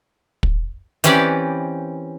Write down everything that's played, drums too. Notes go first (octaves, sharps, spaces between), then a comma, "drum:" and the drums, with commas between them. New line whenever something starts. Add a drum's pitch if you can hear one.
drum: kick
E3 C4 C#4 G4 B4 D5, drum: hi-hat